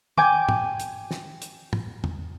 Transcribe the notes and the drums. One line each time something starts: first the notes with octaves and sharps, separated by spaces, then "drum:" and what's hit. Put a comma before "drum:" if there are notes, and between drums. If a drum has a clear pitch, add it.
G5 G#5 D6, drum: tom
drum: tom
drum: hi-hat
drum: snare
drum: hi-hat
drum: tom
drum: tom